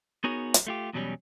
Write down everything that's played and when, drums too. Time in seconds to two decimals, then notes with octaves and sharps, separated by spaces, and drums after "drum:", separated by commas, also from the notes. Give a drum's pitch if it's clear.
0.24 B3 D#4 F#4 G#4 A#4 C#5
0.54 drum: hi-hat
0.67 A3 F4 G4
0.93 E2 B2 F#3 G3 C#4